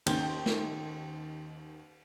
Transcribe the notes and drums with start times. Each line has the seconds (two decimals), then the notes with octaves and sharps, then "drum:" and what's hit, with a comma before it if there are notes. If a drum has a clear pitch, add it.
0.06 D#2 D#3 C#4 C5 G5 G6, drum: cymbal
0.46 drum: snare